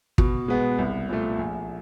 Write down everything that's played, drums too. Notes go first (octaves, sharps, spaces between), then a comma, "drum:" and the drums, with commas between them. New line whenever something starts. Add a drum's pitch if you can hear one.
B2, drum: kick
G#3 B3
C2
A#2 F3 A3
A#1